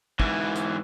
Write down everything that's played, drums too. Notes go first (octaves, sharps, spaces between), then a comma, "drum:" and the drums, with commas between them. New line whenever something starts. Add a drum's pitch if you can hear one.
G#2 E3, drum: kick
drum: hi-hat